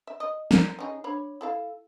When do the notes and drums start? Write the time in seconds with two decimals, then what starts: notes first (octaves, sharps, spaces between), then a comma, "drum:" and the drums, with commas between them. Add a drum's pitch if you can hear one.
0.07 E5
0.20 D#5
0.51 A#4, drum: snare
0.79 C#4 D#4 G#4
1.04 D4 C#5 B5
1.41 E4 A4 F5